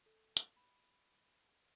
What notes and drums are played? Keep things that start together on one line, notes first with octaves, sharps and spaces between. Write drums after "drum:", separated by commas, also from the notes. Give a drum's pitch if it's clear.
A4
drum: hi-hat
B5